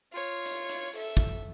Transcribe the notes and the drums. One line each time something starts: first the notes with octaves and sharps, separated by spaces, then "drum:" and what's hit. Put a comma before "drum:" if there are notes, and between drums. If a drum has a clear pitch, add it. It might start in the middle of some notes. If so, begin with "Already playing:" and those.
F4 C#5
drum: hi-hat
drum: hi-hat
A4 E5, drum: open hi-hat
drum: kick, hi-hat